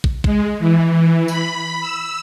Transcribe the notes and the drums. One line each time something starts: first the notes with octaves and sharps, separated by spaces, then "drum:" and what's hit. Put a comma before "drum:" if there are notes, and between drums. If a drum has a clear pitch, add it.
drum: kick
G#3, drum: kick
E3
B5, drum: tambourine
E6